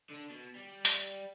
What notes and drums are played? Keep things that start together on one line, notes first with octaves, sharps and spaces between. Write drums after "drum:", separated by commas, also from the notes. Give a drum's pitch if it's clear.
D3 D4
B2
G3
drum: hi-hat